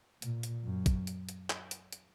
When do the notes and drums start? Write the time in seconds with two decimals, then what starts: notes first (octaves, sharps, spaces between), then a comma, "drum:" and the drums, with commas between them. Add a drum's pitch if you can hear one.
0.22 A#2, drum: hi-hat
0.43 drum: hi-hat
0.64 F#2
0.86 drum: kick, hi-hat
1.07 drum: hi-hat
1.29 drum: hi-hat
1.50 drum: clap
1.71 drum: hi-hat
1.92 drum: hi-hat